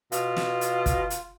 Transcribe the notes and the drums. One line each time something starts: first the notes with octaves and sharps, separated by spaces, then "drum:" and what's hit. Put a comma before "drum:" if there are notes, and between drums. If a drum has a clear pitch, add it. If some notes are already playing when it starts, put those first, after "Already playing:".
B2 F4, drum: hi-hat
drum: snare
drum: hi-hat
drum: kick, hi-hat
drum: hi-hat